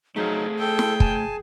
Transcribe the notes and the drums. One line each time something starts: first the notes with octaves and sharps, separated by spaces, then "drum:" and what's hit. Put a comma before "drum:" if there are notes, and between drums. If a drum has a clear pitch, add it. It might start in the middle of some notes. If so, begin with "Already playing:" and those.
F#3 A3 D#4 G#4 C5 F5
A4 G5
drum: snare
G#5 A5, drum: kick